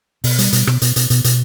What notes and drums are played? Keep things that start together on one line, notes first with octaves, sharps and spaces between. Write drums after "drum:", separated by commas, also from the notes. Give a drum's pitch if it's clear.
B2, drum: open hi-hat
G3, drum: hi-hat
B2, drum: hi-hat
B2, drum: rim click
B2, drum: hi-hat
B2, drum: hi-hat
B2, drum: hi-hat
B2, drum: hi-hat